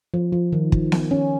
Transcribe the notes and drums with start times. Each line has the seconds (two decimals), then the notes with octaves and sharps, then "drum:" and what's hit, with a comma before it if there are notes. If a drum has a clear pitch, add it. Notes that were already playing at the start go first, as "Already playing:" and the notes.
0.14 F3
0.32 F3
0.53 D#3
0.72 drum: kick
0.92 drum: snare B3
1.11 C#4